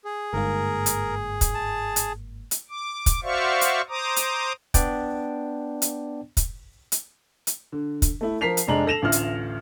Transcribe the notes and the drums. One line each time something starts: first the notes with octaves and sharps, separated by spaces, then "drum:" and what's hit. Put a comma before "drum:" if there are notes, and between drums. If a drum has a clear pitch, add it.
G#4
G1 G#2 A#3 A#4
drum: hi-hat
drum: kick, hi-hat
A5
drum: hi-hat
drum: hi-hat
D6
drum: kick, hi-hat
F#4 C5 D5 E5 F5 C#6
drum: hi-hat
C5 A#5 D6 D#6
drum: hi-hat
B3 D4 D5 G5, drum: kick, hi-hat
drum: hi-hat
drum: kick, hi-hat
drum: hi-hat
drum: hi-hat
D3
drum: kick, hi-hat
A3 E4
F3 A#4 B6 C7 F7
drum: hi-hat
F1 G#3 D4 A#5 F#7
A4 A#6 E7 F7
A1 D2 F4 F6
drum: hi-hat